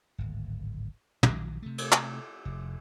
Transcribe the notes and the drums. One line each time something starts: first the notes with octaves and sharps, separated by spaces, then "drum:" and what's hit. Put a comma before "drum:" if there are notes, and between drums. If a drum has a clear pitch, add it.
D1 G#1
A#1 D#3 F#3, drum: tom
C3 A3
drum: cymbal
drum: clap
F1